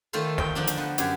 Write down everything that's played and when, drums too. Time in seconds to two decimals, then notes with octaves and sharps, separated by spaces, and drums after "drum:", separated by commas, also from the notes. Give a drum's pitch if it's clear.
0.13 D#3 A3 F4 A4 C5
0.38 G5, drum: snare
0.55 D3 F3 D4 D#4
0.67 drum: hi-hat
0.77 F3 B3
0.98 F#2 G4 G#5, drum: hi-hat